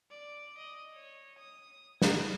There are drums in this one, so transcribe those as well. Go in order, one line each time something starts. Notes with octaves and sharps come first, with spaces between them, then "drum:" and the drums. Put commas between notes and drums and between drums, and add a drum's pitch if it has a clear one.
D5
D#5
C#5
D#6
G#6, drum: snare